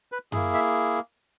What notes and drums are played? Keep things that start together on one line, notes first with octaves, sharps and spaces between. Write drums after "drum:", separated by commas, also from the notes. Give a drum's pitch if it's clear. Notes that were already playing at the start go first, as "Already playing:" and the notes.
B4
A#3 E4 G#4, drum: tom F#2
E5